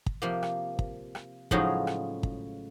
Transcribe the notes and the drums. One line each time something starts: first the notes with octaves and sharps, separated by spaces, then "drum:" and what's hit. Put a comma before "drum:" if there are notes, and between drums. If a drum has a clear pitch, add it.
drum: kick
C3 F3 A#3
drum: rim click
drum: kick
drum: rim click
A2 C#3 F3 F#3 G#3 D#4, drum: kick
drum: rim click
drum: kick